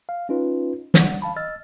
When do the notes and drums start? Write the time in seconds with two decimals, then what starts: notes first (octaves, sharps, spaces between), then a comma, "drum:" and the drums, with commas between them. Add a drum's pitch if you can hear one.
0.09 F5
0.29 C#4 D#4 F4 B4
0.94 G3 D5 F#5, drum: snare
1.22 F5 A5 B5
1.36 D#5 E6 F6 A6